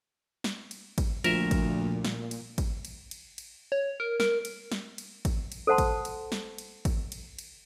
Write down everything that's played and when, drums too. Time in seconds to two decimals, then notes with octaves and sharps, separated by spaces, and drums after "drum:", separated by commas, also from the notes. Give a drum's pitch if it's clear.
0.44 drum: snare
0.71 drum: cymbal
0.98 drum: kick G#1, cymbal
1.24 D2 A#2 F3 A#4 E5, drum: cymbal
1.51 drum: kick G#1, cymbal
2.05 drum: snare
2.31 drum: cymbal
2.58 drum: kick G#1, cymbal
2.85 drum: cymbal
3.11 drum: cymbal
3.38 drum: cymbal
3.72 C#5
4.00 A#4
4.20 A#4, drum: snare
4.45 drum: cymbal
4.72 drum: snare
4.98 drum: cymbal
5.25 drum: kick G#1, cymbal
5.52 drum: cymbal
5.67 A4 C5 F#5 A5 C6
5.78 drum: kick G#1, cymbal
6.05 drum: cymbal
6.32 drum: snare
6.58 drum: cymbal
6.85 drum: kick G#1, cymbal
7.12 drum: cymbal
7.39 drum: cymbal